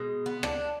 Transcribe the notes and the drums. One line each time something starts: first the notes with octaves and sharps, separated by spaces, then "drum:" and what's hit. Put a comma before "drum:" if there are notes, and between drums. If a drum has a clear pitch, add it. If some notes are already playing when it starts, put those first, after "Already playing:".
Already playing: B2 G#3
B3
D4, drum: rim click